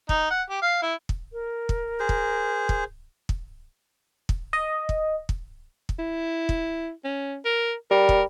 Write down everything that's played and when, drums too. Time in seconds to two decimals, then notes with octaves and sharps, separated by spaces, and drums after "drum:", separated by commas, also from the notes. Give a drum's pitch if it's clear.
0.09 D#4, drum: kick
0.30 F#5
0.50 G4
0.62 F5
0.82 E4
1.09 drum: kick
1.33 A#4
1.69 drum: kick
1.99 G#4 C5
2.09 drum: kick
2.69 drum: kick
3.29 drum: kick
4.29 drum: kick
4.53 D#5
4.89 drum: kick
5.29 drum: kick
5.89 drum: kick
5.99 E4
6.49 drum: kick
7.04 C#4
7.45 A#4
7.91 G3 A#4
8.09 drum: kick